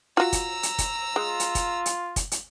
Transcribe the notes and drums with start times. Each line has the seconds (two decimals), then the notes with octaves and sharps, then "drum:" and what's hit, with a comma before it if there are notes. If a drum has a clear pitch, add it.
0.17 F4 F#4 A#5 E6
0.33 drum: kick, hi-hat
0.63 drum: hi-hat
0.78 drum: kick, hi-hat
1.16 G#3 F4
1.40 drum: hi-hat
1.55 drum: kick, hi-hat
1.86 drum: hi-hat
2.16 drum: kick, hi-hat
2.32 drum: hi-hat